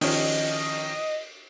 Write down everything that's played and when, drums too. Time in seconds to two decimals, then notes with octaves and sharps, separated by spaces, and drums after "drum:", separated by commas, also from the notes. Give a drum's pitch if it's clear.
0.01 D#3 F3 C#4 D#5, drum: open hi-hat